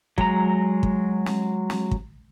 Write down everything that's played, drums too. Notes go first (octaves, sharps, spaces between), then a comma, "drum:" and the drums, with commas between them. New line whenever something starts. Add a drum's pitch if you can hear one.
F#3 G#3 A#5, drum: kick
drum: kick
drum: snare
drum: snare
drum: kick